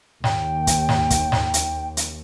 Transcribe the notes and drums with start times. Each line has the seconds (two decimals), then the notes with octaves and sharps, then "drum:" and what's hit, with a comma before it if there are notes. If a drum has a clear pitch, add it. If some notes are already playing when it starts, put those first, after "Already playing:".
0.24 D#2 G5, drum: snare
0.67 drum: kick, hi-hat
0.89 drum: snare
1.10 drum: kick, hi-hat
1.32 drum: snare
1.54 drum: hi-hat
1.97 drum: hi-hat